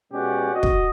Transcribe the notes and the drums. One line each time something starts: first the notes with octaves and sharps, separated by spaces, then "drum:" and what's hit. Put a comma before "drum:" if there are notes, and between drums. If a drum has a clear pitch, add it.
B2 G#3 C#4 G4 D5 F#5
F#4 D#5
drum: kick